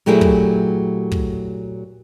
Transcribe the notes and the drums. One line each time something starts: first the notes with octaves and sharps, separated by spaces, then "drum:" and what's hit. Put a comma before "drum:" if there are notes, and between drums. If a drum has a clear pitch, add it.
A#2 F#3 A3 E4 G4 G#4
drum: kick
drum: kick